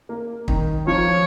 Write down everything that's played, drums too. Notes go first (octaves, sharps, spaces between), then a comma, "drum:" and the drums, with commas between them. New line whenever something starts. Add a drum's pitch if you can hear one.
A#3
D#3 D#4, drum: kick
F3 F4 C#5